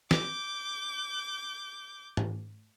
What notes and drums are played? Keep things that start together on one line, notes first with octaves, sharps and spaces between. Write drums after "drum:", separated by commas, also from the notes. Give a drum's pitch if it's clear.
D6 G6, drum: snare
drum: tom G#2